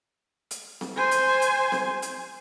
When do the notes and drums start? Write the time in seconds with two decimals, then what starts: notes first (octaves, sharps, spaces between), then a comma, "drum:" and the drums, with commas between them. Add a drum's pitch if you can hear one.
0.51 drum: hi-hat
0.81 drum: snare C4
0.96 C5 G#5
1.11 drum: hi-hat
1.42 drum: hi-hat
1.72 drum: snare C4
2.02 drum: hi-hat